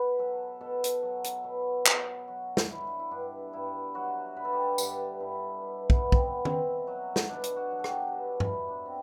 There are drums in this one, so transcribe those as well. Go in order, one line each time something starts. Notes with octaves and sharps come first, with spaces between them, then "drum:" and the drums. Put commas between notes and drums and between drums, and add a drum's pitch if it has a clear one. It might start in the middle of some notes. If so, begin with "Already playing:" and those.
Already playing: B2 B4
F#3 A4
B2 A4
drum: hi-hat
F#3
drum: hi-hat
B2
F#3, drum: clap
F#3 F#4
drum: snare
D3 E4
E4
G2 D4
G2 E4
F#3 F#4
D3 B4
A4
G4
A4
G2 G4, drum: tambourine
G2 E4
B2
B3, drum: kick
F#3
C4, drum: kick
B3
B2 C4, drum: tom
F#3
drum: snare
B2 D4
drum: hi-hat
F#4
F#3
A4
G4, drum: rim click
B2 F#4
E4, drum: tom G2
F#3
D4
C4